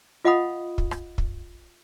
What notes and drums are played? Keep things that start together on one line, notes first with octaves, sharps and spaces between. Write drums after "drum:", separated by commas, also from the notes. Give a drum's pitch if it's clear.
F4 D#5 F5 F#5 B5 D#6
drum: kick
drum: rim click
drum: kick